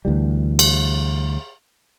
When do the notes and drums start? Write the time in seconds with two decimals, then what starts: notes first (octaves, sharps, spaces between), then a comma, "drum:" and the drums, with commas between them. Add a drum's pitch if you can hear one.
0.05 D2 E3 G3
0.59 drum: cymbal